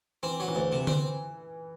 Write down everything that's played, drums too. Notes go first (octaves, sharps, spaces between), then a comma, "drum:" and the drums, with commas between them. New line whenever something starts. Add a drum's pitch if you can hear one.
E3 C4
F#3
E3
D2
C3
C4, drum: tom D3